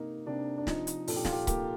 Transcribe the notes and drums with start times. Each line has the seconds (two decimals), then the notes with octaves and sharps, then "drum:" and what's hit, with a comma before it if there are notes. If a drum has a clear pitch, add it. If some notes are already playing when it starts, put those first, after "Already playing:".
Already playing: C3 A#3 D#4
0.26 C3 D4
0.58 D4
0.67 F3 D#4, drum: snare
0.87 drum: hi-hat
1.08 A#2 A4, drum: open hi-hat
1.16 G4
1.25 F4, drum: snare
1.32 G4
1.47 A#3 G4, drum: kick C#1, hi-hat